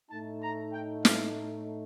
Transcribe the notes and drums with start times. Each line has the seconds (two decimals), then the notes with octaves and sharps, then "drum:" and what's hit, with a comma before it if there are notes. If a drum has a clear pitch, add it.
0.10 A2 A3 D#4 A5
0.42 A#5
0.73 G5
1.05 F5, drum: snare